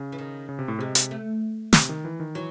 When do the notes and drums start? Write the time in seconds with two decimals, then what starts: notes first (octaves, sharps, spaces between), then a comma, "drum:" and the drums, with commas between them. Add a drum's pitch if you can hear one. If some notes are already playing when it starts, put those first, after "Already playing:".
Already playing: C#3
0.12 E3
0.18 D#3
0.49 C#3
0.59 C3
0.68 A2
0.79 C3 G#3
0.95 drum: hi-hat
1.11 A3
1.73 C3, drum: snare
1.89 D#3
2.05 E3
2.20 D#3
2.35 E3 F#3